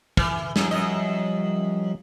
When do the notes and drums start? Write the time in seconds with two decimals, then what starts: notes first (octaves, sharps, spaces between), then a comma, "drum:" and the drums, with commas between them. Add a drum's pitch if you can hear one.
0.17 E3 F6, drum: kick
0.56 F#2 F3 G3, drum: snare
0.71 F#2 D#5